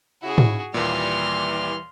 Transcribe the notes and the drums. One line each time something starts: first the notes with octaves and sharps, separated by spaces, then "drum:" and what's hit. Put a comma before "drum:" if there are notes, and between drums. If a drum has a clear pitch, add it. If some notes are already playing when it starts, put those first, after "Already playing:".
C#3 E4 F#4 G#4
drum: tom
D#2 A#2 E3 G3 C6 F6